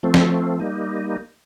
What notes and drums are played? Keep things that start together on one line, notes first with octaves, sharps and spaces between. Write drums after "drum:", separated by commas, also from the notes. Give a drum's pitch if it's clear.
F3 A3 C4
drum: snare
G3 A#3 D#4